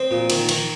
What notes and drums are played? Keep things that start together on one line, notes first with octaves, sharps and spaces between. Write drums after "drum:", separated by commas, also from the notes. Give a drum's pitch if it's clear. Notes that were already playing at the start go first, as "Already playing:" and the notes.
Already playing: C4 D#5
A#2
D#3, drum: cymbal
D#3, drum: cymbal